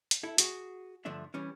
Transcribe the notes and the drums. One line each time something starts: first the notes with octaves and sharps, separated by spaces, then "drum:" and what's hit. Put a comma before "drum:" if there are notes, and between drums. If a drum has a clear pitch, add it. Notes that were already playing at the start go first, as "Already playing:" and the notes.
drum: hi-hat
E4 A4
F#4 G#4, drum: hi-hat
G2 D3 F3 A3 D4 E5
E3 G3 C#4